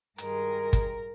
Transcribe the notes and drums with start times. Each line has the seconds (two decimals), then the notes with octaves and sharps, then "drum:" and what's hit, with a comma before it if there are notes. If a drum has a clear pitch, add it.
0.18 G2 D#3 G#3 A#4, drum: hi-hat
0.73 drum: kick, hi-hat